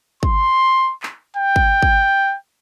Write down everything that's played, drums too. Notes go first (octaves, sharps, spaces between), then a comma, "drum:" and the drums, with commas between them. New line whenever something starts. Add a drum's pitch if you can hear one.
C6, drum: kick
drum: clap
G5
drum: kick
drum: kick